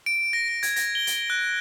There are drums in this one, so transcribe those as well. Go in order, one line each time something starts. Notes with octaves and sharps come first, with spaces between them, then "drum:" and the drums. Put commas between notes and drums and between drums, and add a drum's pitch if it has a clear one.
D7
A#6
A#6
G#6, drum: hi-hat
A#6, drum: hi-hat
G7
drum: hi-hat
F#6